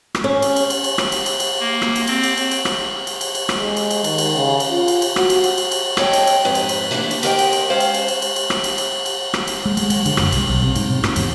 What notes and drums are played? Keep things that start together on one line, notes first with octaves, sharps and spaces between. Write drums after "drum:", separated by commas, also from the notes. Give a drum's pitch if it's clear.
drum: rim click
C#4
drum: cymbal
drum: cymbal
drum: cymbal
drum: cymbal
drum: rim click
drum: cymbal
drum: cymbal
drum: cymbal
A#3
drum: rim click
drum: cymbal
C4, drum: cymbal
drum: cymbal
drum: cymbal
drum: cymbal
drum: rim click
drum: cymbal
drum: cymbal
drum: cymbal
drum: rim click
G#3
drum: cymbal
drum: cymbal
D#3, drum: cymbal
drum: cymbal
C#3
drum: cymbal
F4
drum: cymbal
drum: cymbal
F#4, drum: rim click
drum: cymbal
drum: cymbal
drum: cymbal
drum: cymbal
A4 C#5 D#5 G5, drum: rim click
drum: cymbal
drum: cymbal
F2 G#2 B4
drum: cymbal
drum: cymbal
E3 A3 A#3 D4 E4
drum: cymbal
G4 A#4 C5 D#5 F5 G5, drum: cymbal
drum: cymbal
drum: cymbal
G#3 C#4 C5 F5
drum: cymbal
drum: cymbal
drum: cymbal
drum: cymbal
drum: cymbal
drum: rim click
drum: cymbal
drum: cymbal
drum: cymbal
drum: rim click
drum: cymbal
G#3
G#3, drum: cymbal
G#3, drum: cymbal
D3, drum: cymbal
F#1, drum: rim click
C2, drum: cymbal
B1
C3
G#2, drum: cymbal
C3
G#2, drum: rim click
E2, drum: cymbal